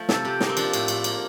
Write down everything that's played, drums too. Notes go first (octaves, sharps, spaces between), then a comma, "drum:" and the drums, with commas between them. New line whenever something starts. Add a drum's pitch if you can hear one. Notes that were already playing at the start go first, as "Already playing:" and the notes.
Already playing: F3 A3
C3 A4, drum: snare
C3 G4
A#3 D#4, drum: snare
C4
F3 D4, drum: cymbal
A2, drum: cymbal
A2, drum: cymbal
A#3, drum: cymbal